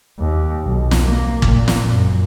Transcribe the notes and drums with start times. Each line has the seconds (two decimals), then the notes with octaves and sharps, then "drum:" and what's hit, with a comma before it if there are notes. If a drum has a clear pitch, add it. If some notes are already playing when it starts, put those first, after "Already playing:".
0.20 D#2
0.65 B1
0.91 drum: snare
1.04 A#3
1.42 A#2, drum: kick
1.68 drum: snare
1.92 F#2